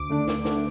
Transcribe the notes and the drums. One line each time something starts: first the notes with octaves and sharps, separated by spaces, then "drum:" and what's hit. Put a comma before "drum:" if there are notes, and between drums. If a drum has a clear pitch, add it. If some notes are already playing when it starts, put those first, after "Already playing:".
Already playing: D2 D6
D3 A3 D4
D2, drum: snare
D3 A3 D4, drum: snare